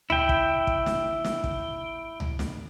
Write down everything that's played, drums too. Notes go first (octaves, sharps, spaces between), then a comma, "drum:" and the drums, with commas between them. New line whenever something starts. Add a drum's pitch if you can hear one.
E4 G5, drum: tom C#2
drum: kick
drum: kick
drum: snare
drum: snare
drum: kick
drum: tom C#2
drum: snare